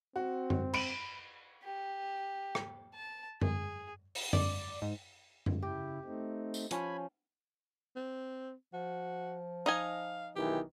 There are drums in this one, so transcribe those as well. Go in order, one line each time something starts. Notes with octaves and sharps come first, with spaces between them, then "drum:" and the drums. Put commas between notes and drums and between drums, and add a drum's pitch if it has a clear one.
C4 F#4
drum: tom F#2
B5 D7 F#7, drum: cymbal
G4
drum: rim click
A5
G#4, drum: tom F#2
drum: open hi-hat
D5, drum: tom F#2
G#2
drum: tom F#2
C#3 E4 G4
A3 C4 D#4
drum: tambourine
F3 C#4 G#5 B5, drum: hi-hat
C4
F3 F#4
D#4 D#5 F5 G#5
B1 D#3 E3 G4